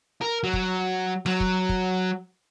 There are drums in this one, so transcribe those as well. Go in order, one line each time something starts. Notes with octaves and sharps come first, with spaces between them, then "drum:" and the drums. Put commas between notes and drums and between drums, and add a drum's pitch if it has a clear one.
A#4
F#3
drum: kick
F#3, drum: rim click
drum: kick
drum: kick